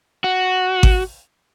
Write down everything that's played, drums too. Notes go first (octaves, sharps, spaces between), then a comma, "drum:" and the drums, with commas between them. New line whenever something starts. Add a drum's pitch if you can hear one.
F#4
drum: kick G#1